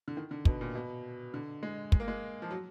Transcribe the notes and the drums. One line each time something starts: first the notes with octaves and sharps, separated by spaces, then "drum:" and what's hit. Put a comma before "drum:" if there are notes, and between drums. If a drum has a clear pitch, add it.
D3
D#3
D3
B2, drum: kick
A#2
B2
D3
G#3
G#3, drum: kick
A#3
G#3
F3
F#3